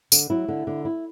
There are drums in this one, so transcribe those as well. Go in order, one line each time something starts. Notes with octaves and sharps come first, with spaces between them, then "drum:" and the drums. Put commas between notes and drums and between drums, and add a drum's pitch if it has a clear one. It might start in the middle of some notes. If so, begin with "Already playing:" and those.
D3, drum: tambourine
F#3 E4
D3
D3
E4